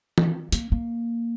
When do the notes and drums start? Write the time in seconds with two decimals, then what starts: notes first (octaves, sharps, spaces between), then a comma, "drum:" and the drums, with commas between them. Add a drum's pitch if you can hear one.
0.18 drum: tom E3
0.52 A#3, drum: hi-hat
0.72 A#3